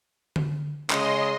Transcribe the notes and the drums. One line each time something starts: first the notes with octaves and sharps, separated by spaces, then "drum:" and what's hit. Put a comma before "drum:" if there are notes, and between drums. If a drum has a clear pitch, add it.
drum: tom D3
C#3 G#3 D#5 C6, drum: clap